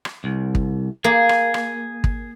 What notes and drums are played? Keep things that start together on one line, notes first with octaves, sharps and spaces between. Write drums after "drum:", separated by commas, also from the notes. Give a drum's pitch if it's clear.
drum: rim click
C2
drum: kick
A#3 G#4
drum: rim click
drum: rim click
drum: kick